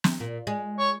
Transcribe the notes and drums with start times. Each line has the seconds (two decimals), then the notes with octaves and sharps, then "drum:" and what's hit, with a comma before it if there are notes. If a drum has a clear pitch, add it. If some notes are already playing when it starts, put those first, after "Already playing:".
0.04 drum: snare
0.20 A#2
0.47 G#3
0.79 C#5